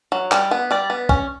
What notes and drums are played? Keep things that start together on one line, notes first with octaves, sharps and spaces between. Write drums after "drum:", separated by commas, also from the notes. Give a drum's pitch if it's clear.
F#3
G3, drum: clap
B3
G3 D5
B3
C#4, drum: kick